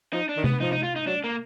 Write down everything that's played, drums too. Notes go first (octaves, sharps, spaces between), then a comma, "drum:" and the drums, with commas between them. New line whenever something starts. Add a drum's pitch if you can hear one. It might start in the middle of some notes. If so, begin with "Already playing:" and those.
F3 D#4
D4
D#3
B3, drum: tom C3
F3 D#4
D#4
F4
D#4
F#3 D4
A#3